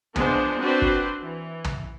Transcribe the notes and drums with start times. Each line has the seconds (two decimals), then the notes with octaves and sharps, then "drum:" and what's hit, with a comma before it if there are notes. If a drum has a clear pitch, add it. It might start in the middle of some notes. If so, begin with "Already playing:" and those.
0.16 F3 G#3 B3 D4 C5, drum: tom
0.60 C4 D4 F#4 B4 C5 D5
0.82 drum: kick
1.23 E3
1.64 drum: tom